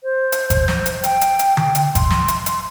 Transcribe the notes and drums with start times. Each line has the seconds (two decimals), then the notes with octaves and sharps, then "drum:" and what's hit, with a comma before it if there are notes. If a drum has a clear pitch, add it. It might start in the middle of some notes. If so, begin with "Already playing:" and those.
0.03 C5
0.32 drum: hi-hat
0.50 drum: kick G1, hi-hat
0.68 drum: snare
0.86 drum: hi-hat
1.04 G5, drum: hi-hat
1.21 drum: hi-hat
1.39 drum: hi-hat
1.57 drum: tom D3
1.75 drum: hi-hat
1.95 C6, drum: kick G1, hi-hat
2.10 drum: snare
2.28 drum: hi-hat
2.46 drum: hi-hat